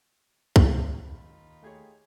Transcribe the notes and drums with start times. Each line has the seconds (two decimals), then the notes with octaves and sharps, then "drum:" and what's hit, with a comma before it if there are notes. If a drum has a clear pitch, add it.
0.56 drum: kick C2
1.05 D#2 D#4 F4 B5
1.63 A3 G4 G#4 C#5 G5 G#6